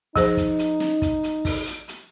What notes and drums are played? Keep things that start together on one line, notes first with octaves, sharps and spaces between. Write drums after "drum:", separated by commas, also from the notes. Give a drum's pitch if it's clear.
F3 D#4 G#4 C5, drum: kick, hi-hat
drum: kick, hi-hat
drum: hi-hat
drum: snare
drum: kick, hi-hat
drum: hi-hat
drum: kick, open hi-hat
drum: hi-hat
drum: hi-hat